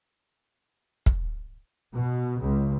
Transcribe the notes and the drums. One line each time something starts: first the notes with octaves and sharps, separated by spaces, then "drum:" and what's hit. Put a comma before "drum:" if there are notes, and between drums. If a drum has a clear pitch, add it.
drum: kick
B2
C#2